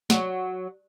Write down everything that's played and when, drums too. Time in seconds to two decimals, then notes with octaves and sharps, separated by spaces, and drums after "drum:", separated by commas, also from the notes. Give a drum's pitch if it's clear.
0.10 F#3, drum: snare